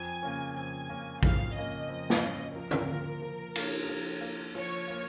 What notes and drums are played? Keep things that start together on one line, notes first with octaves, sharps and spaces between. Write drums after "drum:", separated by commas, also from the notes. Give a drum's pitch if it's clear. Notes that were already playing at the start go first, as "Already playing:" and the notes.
Already playing: F2 G#5
C#3 A#3 C#4
F2 G#5
C#3 A#3 C#4
F2 F5, drum: kick A1
C#3 A#3 C#4 D#5
F2
drum: snare
C#3 A#3 C#4
F3 A#4
drum: tom
A#3 F4
F3
A#3 F4, drum: cymbal
F3
A#3 F4
F3 C#5
A#3 F4